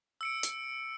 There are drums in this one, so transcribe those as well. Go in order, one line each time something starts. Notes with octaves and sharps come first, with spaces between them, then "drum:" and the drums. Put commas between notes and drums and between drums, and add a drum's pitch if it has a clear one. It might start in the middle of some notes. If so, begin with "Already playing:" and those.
E6 C#7 D7
drum: hi-hat